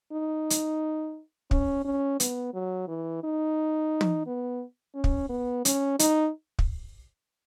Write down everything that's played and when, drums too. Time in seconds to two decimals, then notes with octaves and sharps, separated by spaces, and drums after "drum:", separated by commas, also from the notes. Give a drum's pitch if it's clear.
0.12 D#4
0.50 drum: hi-hat
1.51 C#4, drum: kick
1.85 C#4
2.20 B3, drum: hi-hat
2.54 F#3
2.88 E3
3.24 D#4
4.01 drum: tom
4.27 B3
4.95 C#4
5.04 drum: kick
5.29 B3
5.65 C#4, drum: hi-hat
5.99 D#4, drum: hi-hat
6.59 drum: kick